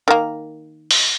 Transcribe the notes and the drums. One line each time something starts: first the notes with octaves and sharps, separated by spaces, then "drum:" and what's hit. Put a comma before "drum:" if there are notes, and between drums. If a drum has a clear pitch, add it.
D#3 A#3
drum: open hi-hat